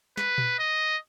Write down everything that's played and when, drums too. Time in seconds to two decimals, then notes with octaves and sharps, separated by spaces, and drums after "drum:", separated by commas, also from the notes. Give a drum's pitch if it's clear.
0.17 B4, drum: snare
0.38 drum: tom A#2
0.59 D#5